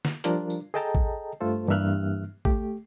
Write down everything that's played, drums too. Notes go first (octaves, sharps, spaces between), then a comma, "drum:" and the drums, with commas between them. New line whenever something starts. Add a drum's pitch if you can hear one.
drum: snare
F3 G3 D4 F4 A#4, drum: hi-hat
drum: tambourine
G#4 A4 D#5 G5 A5 A#5
drum: kick
G2 A3 F4 A4 C5
G2 E3 A#3 E5 F6 F#6
A3 G4, drum: kick